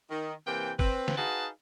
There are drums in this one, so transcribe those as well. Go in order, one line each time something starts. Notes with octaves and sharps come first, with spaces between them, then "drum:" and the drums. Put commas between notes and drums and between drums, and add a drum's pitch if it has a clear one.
D#3
C3 E3 A#3 G5
C4 B4, drum: kick G1
drum: snare
D#4 F#4 G#4 B4 F5 A5